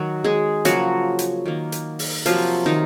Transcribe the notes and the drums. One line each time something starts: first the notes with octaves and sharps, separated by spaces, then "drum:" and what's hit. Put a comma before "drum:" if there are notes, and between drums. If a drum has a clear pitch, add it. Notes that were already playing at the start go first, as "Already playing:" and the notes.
Already playing: D#3 F#3 F#4
G#3 G#4
C#3 F3 F#3 A#3 F#4, drum: hi-hat
drum: hi-hat
D#3 A#3
drum: hi-hat
drum: open hi-hat
C3 F3 F#3 A#3 F4, drum: hi-hat
D#3 D#4